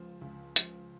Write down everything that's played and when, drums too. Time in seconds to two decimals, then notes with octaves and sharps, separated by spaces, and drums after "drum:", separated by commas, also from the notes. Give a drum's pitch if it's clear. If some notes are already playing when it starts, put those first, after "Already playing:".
Already playing: C#2 F3
0.21 C#2
0.56 F3, drum: hi-hat